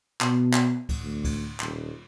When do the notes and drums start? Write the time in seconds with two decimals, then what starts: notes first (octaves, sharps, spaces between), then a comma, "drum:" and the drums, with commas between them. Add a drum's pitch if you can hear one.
0.21 B2, drum: clap
0.54 drum: clap
0.89 drum: kick C#2, cymbal
1.03 D2
1.24 drum: kick C#2, cymbal
1.60 D#1, drum: clap